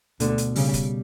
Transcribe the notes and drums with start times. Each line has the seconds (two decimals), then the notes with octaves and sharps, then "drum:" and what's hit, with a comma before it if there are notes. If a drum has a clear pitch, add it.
0.20 D2 B2 D3, drum: hi-hat
0.38 drum: hi-hat
0.56 C#3 G3, drum: open hi-hat
0.74 drum: kick D1, hi-hat